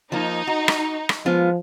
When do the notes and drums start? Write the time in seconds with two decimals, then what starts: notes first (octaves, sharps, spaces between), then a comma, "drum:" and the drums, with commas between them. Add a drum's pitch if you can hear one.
0.12 F3 A#3 D#4
0.47 F#4
0.68 drum: rim click
1.09 drum: rim click
1.26 F3 G#3 B3 F4